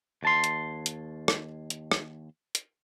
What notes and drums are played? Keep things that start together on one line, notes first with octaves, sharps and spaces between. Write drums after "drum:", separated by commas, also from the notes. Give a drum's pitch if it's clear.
D#2 A5 C6
drum: hi-hat
drum: hi-hat
drum: rim click
drum: hi-hat
drum: rim click
drum: hi-hat